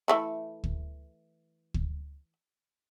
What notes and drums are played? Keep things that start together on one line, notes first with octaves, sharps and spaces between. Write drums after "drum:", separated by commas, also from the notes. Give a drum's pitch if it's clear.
E3 A3 E4
drum: kick
drum: kick